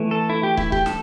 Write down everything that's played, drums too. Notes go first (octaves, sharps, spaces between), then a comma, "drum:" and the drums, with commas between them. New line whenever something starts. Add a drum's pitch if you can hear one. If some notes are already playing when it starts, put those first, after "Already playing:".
Already playing: E3 A3
A4
E4
G4
E4, drum: kick
G4, drum: kick
A4, drum: snare